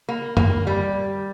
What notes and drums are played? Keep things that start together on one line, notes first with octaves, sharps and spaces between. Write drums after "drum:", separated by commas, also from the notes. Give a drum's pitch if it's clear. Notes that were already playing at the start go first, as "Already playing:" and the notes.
A#3
A#3, drum: tom F#2
G3